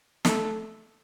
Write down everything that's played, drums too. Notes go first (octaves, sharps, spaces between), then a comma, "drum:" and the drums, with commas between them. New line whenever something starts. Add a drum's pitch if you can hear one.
A3, drum: snare